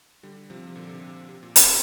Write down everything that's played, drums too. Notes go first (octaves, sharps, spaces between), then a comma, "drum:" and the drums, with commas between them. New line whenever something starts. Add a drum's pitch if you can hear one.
D3 G3
C3 F3
C3
A#2 D3
C3
C3
C3
A#2
C3, drum: hi-hat